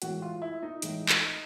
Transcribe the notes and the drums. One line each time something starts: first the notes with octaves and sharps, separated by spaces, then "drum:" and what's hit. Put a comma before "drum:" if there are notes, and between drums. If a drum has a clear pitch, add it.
A2 E3 G#3 F#4, drum: hi-hat
F4
E4
D#4
A2 E3 G#3, drum: hi-hat
drum: clap